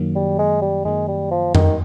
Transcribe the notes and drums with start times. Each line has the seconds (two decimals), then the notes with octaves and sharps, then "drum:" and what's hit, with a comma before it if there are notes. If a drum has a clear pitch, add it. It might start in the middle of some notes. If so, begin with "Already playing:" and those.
Already playing: F#2 D#3 F#3 A#3
0.15 G3
0.39 G#3
0.62 G3
0.85 F#2 D#3 F#3 G#3 A#3
1.08 G3
1.31 F3
1.55 D#3, drum: tom F2